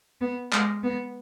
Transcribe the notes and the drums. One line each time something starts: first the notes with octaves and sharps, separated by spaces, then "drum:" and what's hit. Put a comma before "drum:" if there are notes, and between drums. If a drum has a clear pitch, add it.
B3
G#3, drum: clap
B3